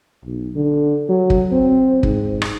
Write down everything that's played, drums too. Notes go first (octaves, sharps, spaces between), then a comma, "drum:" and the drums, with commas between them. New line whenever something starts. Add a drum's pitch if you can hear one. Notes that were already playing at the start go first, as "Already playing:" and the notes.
B1
D3
F#3
drum: kick
C4
G#2, drum: kick
drum: rim click